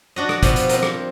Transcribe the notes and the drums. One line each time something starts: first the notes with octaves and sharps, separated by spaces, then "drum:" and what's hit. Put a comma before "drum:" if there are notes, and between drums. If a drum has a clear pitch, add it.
D4 F#4 D#5
drum: rim click
B2 F3 B3 G4, drum: kick, hi-hat
drum: hi-hat
C4 A#4, drum: hi-hat
drum: rim click